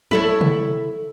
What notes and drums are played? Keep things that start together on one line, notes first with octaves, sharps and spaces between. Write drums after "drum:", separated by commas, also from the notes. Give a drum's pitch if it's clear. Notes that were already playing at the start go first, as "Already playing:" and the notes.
E4 A4 C#5, drum: tom F3
drum: tom C3